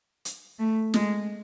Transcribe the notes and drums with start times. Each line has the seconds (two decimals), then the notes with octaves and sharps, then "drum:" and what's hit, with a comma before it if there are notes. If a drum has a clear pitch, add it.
0.25 drum: hi-hat
0.59 A3
0.94 G#3, drum: snare